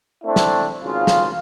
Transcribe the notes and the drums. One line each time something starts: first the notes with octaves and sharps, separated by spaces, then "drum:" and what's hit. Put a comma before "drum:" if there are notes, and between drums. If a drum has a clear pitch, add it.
A3 C4 D4 E4
drum: snare
G#1 C#3 F4
drum: snare